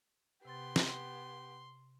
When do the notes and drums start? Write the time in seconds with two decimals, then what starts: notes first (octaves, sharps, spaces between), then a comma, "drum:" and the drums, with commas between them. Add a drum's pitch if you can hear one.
0.45 C3 B3 G4 C6 A6
0.76 drum: snare